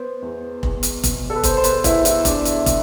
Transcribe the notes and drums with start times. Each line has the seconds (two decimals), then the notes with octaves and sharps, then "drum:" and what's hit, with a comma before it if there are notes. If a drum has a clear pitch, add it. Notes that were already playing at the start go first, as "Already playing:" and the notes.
Already playing: B3 C5
0.22 E2
0.63 E2, drum: kick
0.83 drum: hi-hat
1.04 B2, drum: kick, hi-hat
1.30 A4
1.36 B4
1.43 B3 C5, drum: kick, hi-hat
1.57 C5
1.64 B4, drum: hi-hat
1.84 E2 E4, drum: kick, hi-hat
2.05 E4, drum: hi-hat
2.25 E2 D4, drum: kick, hi-hat
2.45 drum: hi-hat
2.66 B2, drum: kick, hi-hat